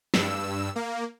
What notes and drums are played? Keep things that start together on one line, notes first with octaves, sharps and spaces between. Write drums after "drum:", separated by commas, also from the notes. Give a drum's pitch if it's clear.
G2 E6, drum: snare
A#3